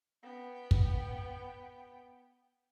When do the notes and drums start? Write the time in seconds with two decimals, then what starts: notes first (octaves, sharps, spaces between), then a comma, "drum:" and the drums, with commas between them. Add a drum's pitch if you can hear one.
0.23 B3 G5
0.71 drum: kick